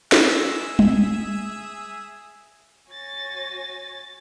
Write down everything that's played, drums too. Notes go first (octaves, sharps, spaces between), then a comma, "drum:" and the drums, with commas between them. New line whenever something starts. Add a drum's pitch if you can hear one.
G#4 E5, drum: snare
drum: tom G3
F#4 C#5 G#5 A6 A#6